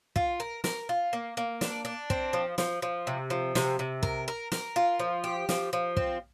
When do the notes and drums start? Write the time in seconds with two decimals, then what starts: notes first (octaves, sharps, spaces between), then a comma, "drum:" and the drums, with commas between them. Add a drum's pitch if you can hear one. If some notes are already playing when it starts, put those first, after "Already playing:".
0.16 F4, drum: kick
0.40 A#4
0.64 A#4, drum: snare
0.89 F4
1.13 A#3
1.37 A#3
1.61 D4, drum: snare
1.85 D4
2.10 C4, drum: kick
2.33 F3
2.58 F3, drum: snare
2.82 F3
3.07 C3
3.30 F3
3.55 C3, drum: snare
3.79 C3
4.03 A#4, drum: kick
4.28 A#4
4.52 A#4, drum: snare
4.76 F4
5.00 F3
5.24 G4
5.49 F3, drum: snare
5.73 F3
5.97 C4, drum: kick